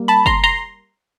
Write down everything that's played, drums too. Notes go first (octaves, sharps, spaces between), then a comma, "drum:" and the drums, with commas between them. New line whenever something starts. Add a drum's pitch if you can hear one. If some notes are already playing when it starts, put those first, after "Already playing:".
Already playing: G3 A#3
A5 B5
A#5 C6, drum: kick
A#5 C6